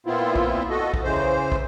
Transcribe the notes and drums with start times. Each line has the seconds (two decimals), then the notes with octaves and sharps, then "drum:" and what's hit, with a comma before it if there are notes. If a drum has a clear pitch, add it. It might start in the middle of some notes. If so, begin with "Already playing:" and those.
0.07 A#2 B3 C4 E4 F4
0.36 drum: kick
0.70 F#4 A4 D#5
0.94 drum: kick
1.04 C#3 E3 C5
1.52 drum: kick